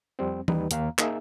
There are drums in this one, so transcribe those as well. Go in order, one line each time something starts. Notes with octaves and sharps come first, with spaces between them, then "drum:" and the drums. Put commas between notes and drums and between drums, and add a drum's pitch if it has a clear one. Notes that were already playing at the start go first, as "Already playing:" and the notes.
F2 G3 C4
D#2 G3 D#4 B4, drum: tom E3
D#2 A#3 F5 A#5, drum: hi-hat
A#3 D#4 G#4 E5, drum: clap